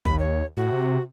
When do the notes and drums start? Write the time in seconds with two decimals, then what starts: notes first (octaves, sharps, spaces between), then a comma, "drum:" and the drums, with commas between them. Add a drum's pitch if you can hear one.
0.05 D#2 B5, drum: kick A1
0.19 C#5
0.57 A2 F#4
0.72 C3